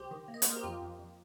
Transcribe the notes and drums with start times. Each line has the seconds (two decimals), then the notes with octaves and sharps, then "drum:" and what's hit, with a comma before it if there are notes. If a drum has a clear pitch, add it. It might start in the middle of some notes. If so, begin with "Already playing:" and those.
Already playing: C2 G4 C5
0.11 D#3
0.28 A#3
0.34 D#5
0.42 C5, drum: hi-hat
0.46 A#3 A#4
0.56 G4
0.63 F2 F4
0.82 F2
0.99 F2